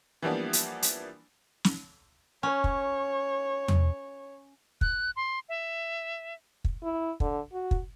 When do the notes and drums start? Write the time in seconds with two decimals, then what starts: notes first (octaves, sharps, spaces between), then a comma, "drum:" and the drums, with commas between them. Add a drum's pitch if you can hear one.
0.22 E3 F3 G3 A#3 B3 D4
0.53 drum: hi-hat
0.82 drum: hi-hat
1.64 drum: snare
2.43 C#4 C#5
2.64 drum: kick
3.68 drum: tom E2
4.81 F#6, drum: kick
5.16 C6
5.49 E5
6.64 drum: kick
6.83 E4
7.20 D3, drum: kick
7.53 F#4
7.71 drum: kick